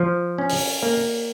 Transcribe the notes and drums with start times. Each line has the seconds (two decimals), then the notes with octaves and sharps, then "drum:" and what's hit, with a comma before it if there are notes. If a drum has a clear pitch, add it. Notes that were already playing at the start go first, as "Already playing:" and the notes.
Already playing: F3
0.38 C#4
0.49 drum: open hi-hat
0.83 A#3